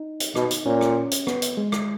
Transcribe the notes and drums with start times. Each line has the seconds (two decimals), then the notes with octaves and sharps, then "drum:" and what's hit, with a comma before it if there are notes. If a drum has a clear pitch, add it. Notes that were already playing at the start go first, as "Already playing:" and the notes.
Already playing: D#4
0.20 drum: hi-hat
0.35 B2 D#4, drum: rim click
0.51 drum: hi-hat
0.66 A#2 C#4
0.81 drum: rim click
1.11 drum: hi-hat
1.27 B3, drum: rim click
1.42 drum: hi-hat
1.57 G#3
1.72 drum: rim click